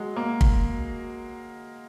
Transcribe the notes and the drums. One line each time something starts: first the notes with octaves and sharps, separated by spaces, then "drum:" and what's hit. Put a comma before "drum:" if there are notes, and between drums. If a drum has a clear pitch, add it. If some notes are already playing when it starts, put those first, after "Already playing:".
Already playing: F#3 G#3
A#3
drum: kick